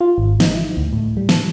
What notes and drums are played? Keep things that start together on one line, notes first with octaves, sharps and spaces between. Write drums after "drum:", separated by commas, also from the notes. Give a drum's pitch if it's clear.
F4
G#1
D#4, drum: snare
E4
D2
A2
G3
A5, drum: snare